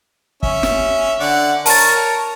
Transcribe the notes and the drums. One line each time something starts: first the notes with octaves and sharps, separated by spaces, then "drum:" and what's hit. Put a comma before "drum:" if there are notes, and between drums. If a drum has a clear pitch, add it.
C#4 E5, drum: kick
drum: snare
D3 D5 F#5
A#4 C#5 A5 A6, drum: open hi-hat